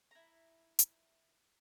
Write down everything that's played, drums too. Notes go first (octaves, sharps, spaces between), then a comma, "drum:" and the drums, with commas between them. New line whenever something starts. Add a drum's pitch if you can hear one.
E4 A#5
drum: hi-hat